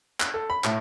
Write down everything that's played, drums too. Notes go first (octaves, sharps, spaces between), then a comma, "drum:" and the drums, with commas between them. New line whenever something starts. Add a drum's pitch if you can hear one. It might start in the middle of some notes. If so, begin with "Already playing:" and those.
F#6, drum: clap
A4
B5
A2, drum: clap